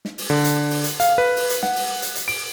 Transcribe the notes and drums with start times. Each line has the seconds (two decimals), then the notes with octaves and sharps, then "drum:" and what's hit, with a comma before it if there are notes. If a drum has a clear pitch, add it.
0.05 drum: snare
0.18 drum: open hi-hat
0.30 D3
0.44 drum: hi-hat
0.71 drum: open hi-hat
0.84 drum: hi-hat
1.00 F5, drum: hi-hat
1.18 B4
1.36 drum: open hi-hat
1.50 drum: hi-hat
1.63 F#5, drum: snare
1.76 drum: open hi-hat
2.02 drum: hi-hat
2.15 drum: hi-hat
2.28 D7, drum: open hi-hat